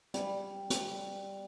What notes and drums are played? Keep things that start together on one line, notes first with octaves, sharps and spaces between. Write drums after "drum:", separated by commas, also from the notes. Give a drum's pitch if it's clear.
G3, drum: hi-hat
drum: hi-hat